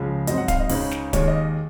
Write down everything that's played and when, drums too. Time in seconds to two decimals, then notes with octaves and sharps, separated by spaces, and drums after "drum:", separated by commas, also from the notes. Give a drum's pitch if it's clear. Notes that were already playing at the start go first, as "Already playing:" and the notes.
Already playing: C#2 C#3 F3 G#3
0.27 G#2 F#3 C4 D#5, drum: hi-hat
0.38 F#5
0.48 F5, drum: kick D1, hi-hat
0.60 D#5
0.69 C#2 C#3 G#3 D#4 C5, drum: open hi-hat
0.91 drum: snare
1.13 D#2 D#3 G#3 C#5, drum: kick D1, hi-hat
1.28 D#5